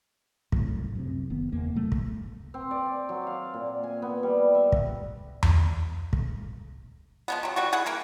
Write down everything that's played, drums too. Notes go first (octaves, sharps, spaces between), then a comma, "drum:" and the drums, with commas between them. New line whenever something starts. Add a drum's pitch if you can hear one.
C2 F#2 A2, drum: kick
F#2 C3
F#1 D#3 B3
E2 C#3 A#3
C3 F#3 A3 A#3
drum: kick
C4
D5
D6
F#3
F5
A#2
G#5
B3
G3
E5
drum: kick
drum: tom E2
drum: kick
F3 G#3 B3
C3 F#3
E3 G3 F#4
E4 G#4 F#5
E3 A#3 A#4